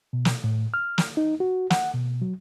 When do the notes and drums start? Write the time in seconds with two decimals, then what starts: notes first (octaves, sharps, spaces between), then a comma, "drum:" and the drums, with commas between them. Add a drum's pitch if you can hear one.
0.13 B2
0.25 drum: snare
0.44 A2
0.74 F6
0.98 drum: snare
1.17 D#4
1.40 F#4
1.70 F#5, drum: snare
1.94 B2
2.22 F#3